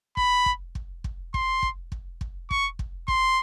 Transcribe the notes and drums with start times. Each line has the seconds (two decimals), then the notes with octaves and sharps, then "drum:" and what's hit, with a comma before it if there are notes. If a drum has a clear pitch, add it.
0.17 B5, drum: kick
0.46 drum: kick
0.75 drum: kick
1.04 drum: kick
1.34 C6, drum: kick
1.63 drum: kick
1.92 drum: kick
2.21 drum: kick
2.51 C#6, drum: kick
2.79 drum: kick
3.08 C6, drum: kick